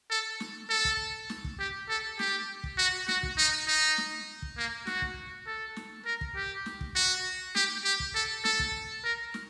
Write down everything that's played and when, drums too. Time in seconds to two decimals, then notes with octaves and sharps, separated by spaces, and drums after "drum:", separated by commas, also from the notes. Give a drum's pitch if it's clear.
0.10 A4
0.40 drum: snare
0.70 A4
0.85 drum: kick
1.30 drum: snare
1.44 drum: kick
1.59 G4
1.89 A4
2.19 G4, drum: snare
2.64 drum: kick
2.78 F#4
3.08 F#4, drum: snare
3.23 drum: kick
3.38 D#4
3.68 D#4
3.98 drum: snare
4.42 drum: kick
4.57 A#3
4.87 F#4, drum: snare
5.02 drum: kick
5.47 A4
5.76 drum: snare
6.06 A#4
6.21 drum: kick
6.36 G4
6.66 drum: snare
6.81 drum: kick
6.96 F#4
7.55 G4, drum: snare
7.85 G4
8.00 drum: kick
8.15 A4
8.44 A4, drum: snare
8.59 drum: kick
9.04 A#4
9.34 drum: snare